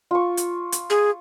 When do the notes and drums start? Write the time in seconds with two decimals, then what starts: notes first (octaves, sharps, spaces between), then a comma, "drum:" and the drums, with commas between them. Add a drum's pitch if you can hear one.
0.11 F4 C#6
0.37 drum: hi-hat
0.72 drum: hi-hat
0.90 G#4